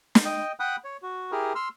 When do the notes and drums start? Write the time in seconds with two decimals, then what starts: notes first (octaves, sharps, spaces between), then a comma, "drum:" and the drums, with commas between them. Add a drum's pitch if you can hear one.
0.15 drum: snare
0.25 D#5 G5
0.60 F#5 G5 B5 D#6 F#6
0.84 C#5
1.02 F#4
1.32 E4 G4 G#4 A#4
1.55 C6 E6 F6